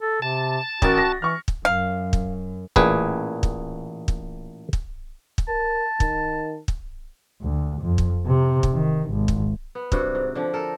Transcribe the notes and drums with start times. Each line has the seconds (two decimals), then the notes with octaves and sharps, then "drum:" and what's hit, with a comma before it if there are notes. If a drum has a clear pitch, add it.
0.02 A4
0.22 C3 A5
0.82 A1 F#4 A#4 A6, drum: kick
0.98 A#6
1.22 E3 C#6 F6
1.48 drum: kick
1.65 F#2 F5
2.13 drum: kick
2.76 A1 A#2 G#4 B4, drum: kick
3.43 drum: kick
4.08 drum: kick
4.73 drum: kick
5.38 drum: kick
5.48 A#4 A5
6.00 D#3, drum: kick
6.68 drum: kick
7.42 D2
7.82 F2
7.98 drum: kick
8.27 C3
8.63 drum: kick
8.73 D#3
9.10 G#1
9.28 drum: kick
9.75 B3
9.92 G2 C3 F#4, drum: kick
10.15 G#2
10.35 D3 F3 G4
10.53 A4 A#4